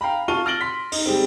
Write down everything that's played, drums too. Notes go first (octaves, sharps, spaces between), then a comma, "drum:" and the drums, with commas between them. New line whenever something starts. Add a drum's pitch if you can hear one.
F5 G5 A#5 B5
F4 F#4 A5 C#6 D#7 G7
F6 A6 A#6 D7 F#7 G7
C6 B6
D#4, drum: open hi-hat
C#3 G3 G#3 C4